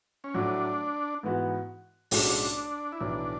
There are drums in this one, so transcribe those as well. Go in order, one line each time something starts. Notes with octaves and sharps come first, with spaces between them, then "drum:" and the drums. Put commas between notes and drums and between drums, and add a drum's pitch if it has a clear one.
C#4
A2 F#3 A3 D4
G#2 E3 B3 F#4
B1 A2 G#3 C#4 D4 F#4, drum: open hi-hat
E4
B1 A2 E3 D4